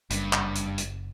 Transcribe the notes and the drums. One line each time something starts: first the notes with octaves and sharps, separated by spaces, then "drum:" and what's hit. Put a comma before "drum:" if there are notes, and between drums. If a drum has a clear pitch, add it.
F#1 G2, drum: hi-hat
drum: clap
drum: hi-hat
drum: hi-hat